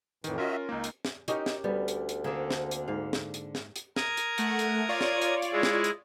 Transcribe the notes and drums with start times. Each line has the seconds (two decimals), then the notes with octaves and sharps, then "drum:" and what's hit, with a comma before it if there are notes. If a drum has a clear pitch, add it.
0.24 F2 A2 D#3 E3, drum: hi-hat
0.38 C#4 F4 F#4 A#4 D#5 E5
0.69 C#2 A#3 D#4
0.84 drum: hi-hat
1.05 drum: snare
1.28 C#4 D#4 F#4 G4 A#4, drum: hi-hat
1.46 drum: snare
1.64 D2 G3 B3
1.88 drum: hi-hat
2.09 drum: hi-hat
2.24 D3 A#3 C4 G#4 E5
2.51 drum: snare
2.71 drum: hi-hat
2.88 G#2 F5
3.13 drum: snare
3.34 drum: hi-hat
3.55 drum: snare
3.76 drum: hi-hat
3.96 A#4 D#6 G#6, drum: snare
4.17 drum: hi-hat
4.38 A3 F#5, drum: hi-hat
4.59 drum: hi-hat
4.89 F4 C#5 D5
5.01 drum: snare
5.22 drum: hi-hat
5.42 drum: hi-hat
5.52 G#3 E4 G#4
5.63 drum: snare
5.84 drum: hi-hat